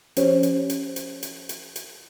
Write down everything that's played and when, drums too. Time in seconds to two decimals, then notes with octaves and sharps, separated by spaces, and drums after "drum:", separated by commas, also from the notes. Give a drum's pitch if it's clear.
0.17 F3 C#4 G4 C5 C#5, drum: hi-hat
0.43 drum: hi-hat
0.70 drum: hi-hat
0.96 drum: hi-hat
1.23 drum: hi-hat
1.49 drum: hi-hat
1.76 drum: hi-hat